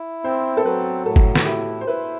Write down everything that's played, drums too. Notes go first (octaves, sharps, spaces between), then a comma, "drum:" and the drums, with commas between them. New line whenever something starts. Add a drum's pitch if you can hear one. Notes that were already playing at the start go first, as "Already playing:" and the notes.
Already playing: E4
C4 C5
A4
F#3 B4
A2 A4
drum: kick G1
F#4, drum: snare
E4 G4
C5
E4 B4